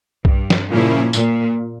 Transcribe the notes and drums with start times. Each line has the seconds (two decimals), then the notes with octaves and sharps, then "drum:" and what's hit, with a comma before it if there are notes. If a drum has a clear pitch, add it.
0.25 G2, drum: kick B1
0.50 drum: snare
0.69 A#2 C#3 F3 A#3 C#4 E4
1.13 A#2, drum: tambourine